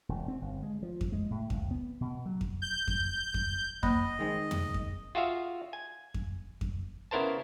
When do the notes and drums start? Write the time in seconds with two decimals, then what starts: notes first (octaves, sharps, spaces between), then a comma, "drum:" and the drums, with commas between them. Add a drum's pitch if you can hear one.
0.09 E1
0.28 C4
0.42 G1
0.62 G#3
0.83 F3
1.01 drum: kick F2
1.12 G#3
1.31 A2
1.50 C#2, drum: kick F2
1.71 B3
2.01 B2
2.26 F#3
2.41 drum: kick F2
2.62 G6
2.88 drum: kick F2
3.34 drum: kick F2
3.83 A#3 D#5 B5, drum: kick F2
4.19 D#3 G#3 C4
4.51 drum: tom
4.74 drum: kick F2
5.15 F4 F#4 G#4 E5 F5
5.73 G#5
6.14 drum: kick F2
6.61 drum: kick F2
7.11 C#3 B3 E4 A#4 C5 A5